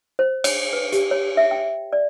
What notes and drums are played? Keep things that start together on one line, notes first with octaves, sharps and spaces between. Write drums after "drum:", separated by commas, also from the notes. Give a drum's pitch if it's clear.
C5
C#5, drum: cymbal
B4
G4, drum: hi-hat
C#5
E5
G5
D5